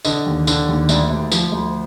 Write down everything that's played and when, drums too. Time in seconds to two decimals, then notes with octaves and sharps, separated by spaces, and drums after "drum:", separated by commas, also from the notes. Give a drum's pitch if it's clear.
0.05 D3 D#5, drum: tambourine
0.26 D#2
0.47 D3, drum: tambourine
0.68 D#2
0.89 D2 D5, drum: tambourine
1.10 D2
1.31 F3, drum: tambourine
1.52 D2